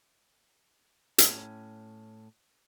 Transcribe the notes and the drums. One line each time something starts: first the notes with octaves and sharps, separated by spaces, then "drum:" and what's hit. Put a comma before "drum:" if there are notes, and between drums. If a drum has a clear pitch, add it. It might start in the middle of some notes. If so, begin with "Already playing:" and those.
A2 C#4, drum: hi-hat